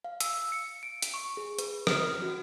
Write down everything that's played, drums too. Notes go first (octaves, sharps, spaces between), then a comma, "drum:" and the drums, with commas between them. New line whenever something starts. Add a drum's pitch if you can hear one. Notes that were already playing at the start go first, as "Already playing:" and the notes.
F5
E6, drum: hi-hat
C#7
D7
drum: hi-hat
C#6
G#4
B4, drum: hi-hat
F6, drum: rim click
F#4